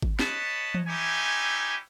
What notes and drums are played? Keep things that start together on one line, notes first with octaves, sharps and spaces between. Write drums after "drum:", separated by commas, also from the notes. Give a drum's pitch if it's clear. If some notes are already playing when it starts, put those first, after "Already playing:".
drum: kick G#1
B4 C#5 D#5 F#5 A5 B5, drum: snare
drum: tom E3
C#4 D#4 E4 G4 E5 G#5